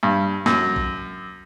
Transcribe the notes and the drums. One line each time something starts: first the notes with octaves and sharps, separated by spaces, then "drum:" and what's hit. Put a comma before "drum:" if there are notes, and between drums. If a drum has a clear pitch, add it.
G2
F#2, drum: snare
drum: kick A#1